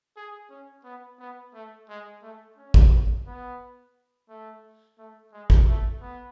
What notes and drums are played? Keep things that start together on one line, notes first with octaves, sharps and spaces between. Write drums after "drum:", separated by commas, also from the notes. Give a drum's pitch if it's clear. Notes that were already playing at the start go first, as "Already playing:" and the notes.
G#4
C#4
B3
B3
A3
G#3
A3
C#4
drum: kick
B3
A3
A3
G#3
drum: kick
A3
B3